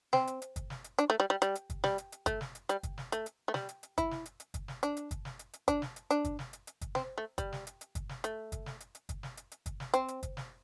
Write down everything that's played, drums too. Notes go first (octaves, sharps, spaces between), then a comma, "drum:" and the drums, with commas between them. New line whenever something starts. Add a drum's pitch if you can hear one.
C4, drum: snare
drum: hi-hat
drum: hi-hat
drum: kick, hi-hat
drum: snare
drum: hi-hat
D4, drum: hi-hat
A3
G3
G3
G3, drum: hi-hat
drum: hi-hat
drum: kick, hi-hat
G3, drum: snare
drum: hi-hat
drum: hi-hat
A3, drum: kick, hi-hat
drum: snare
drum: hi-hat
G3, drum: hi-hat
drum: kick, hi-hat
drum: snare
A3, drum: hi-hat
drum: hi-hat
A3
G3, drum: snare
drum: hi-hat
drum: hi-hat
E4, drum: kick, hi-hat
drum: snare
drum: hi-hat
drum: hi-hat
drum: kick, hi-hat
drum: snare
D4, drum: hi-hat
drum: hi-hat
drum: kick, hi-hat
drum: snare
drum: hi-hat
drum: hi-hat
D4, drum: kick, hi-hat
drum: snare
drum: hi-hat
D4, drum: hi-hat
drum: kick, hi-hat
drum: snare
drum: hi-hat
drum: hi-hat
drum: kick, hi-hat
C4, drum: snare
A3
G3, drum: kick, hi-hat
drum: snare
drum: hi-hat
drum: hi-hat
drum: kick, hi-hat
drum: snare
A3, drum: hi-hat
drum: kick, hi-hat
drum: snare
drum: hi-hat
drum: hi-hat
drum: kick, hi-hat
drum: snare
drum: hi-hat
drum: hi-hat
drum: kick, hi-hat
drum: snare
C4, drum: hi-hat
drum: hi-hat
drum: kick, hi-hat
drum: snare